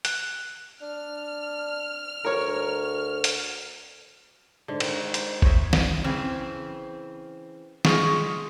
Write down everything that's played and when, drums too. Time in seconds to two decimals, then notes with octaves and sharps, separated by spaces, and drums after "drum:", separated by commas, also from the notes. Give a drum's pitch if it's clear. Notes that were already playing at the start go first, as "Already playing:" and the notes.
0.05 F#6, drum: hi-hat
0.81 D4 F6
2.25 D2 A#4 C#5
3.24 drum: hi-hat
4.68 G#2 D3
4.80 D#3, drum: cymbal
5.14 C5, drum: hi-hat
5.42 C5 C#5 D#5 E5, drum: kick G#1
5.73 drum: snare
6.04 C#3 E3 C4
7.85 F3 G#3 G#4 C#6, drum: snare